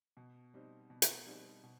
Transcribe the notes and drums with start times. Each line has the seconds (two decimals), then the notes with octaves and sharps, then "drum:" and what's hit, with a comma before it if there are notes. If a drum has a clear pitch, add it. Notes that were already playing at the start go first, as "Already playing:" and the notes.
0.17 B2
0.54 G3 C4 D#4
0.90 B2
1.02 drum: hi-hat
1.26 G3 C4 D#4
1.64 B2